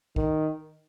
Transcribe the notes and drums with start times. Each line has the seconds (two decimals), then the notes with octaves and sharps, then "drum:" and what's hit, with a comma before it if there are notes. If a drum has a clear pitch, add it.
0.16 D#3, drum: kick